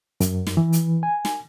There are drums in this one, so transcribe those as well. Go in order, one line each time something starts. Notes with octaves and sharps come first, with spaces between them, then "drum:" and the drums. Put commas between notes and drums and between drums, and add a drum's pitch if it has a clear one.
F#2, drum: hi-hat
drum: snare
E3
drum: hi-hat
G#5
drum: snare